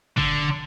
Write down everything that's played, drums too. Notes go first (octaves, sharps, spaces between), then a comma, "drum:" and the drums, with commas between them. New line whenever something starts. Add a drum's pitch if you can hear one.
D3, drum: kick